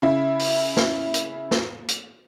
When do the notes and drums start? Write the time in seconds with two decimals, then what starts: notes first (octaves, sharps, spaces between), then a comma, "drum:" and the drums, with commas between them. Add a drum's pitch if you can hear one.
0.02 C#3 E4
0.39 drum: open hi-hat
0.77 drum: snare
1.14 drum: hi-hat
1.51 drum: snare
1.88 drum: hi-hat